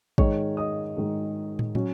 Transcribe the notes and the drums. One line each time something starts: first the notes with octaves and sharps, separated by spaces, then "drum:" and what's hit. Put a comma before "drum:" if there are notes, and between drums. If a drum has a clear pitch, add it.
G#2 D#3 G#3 C#5 C#6, drum: kick A1
D#5 D#6
G#2 D#3 G#3
drum: tom
F#3 C#4, drum: tom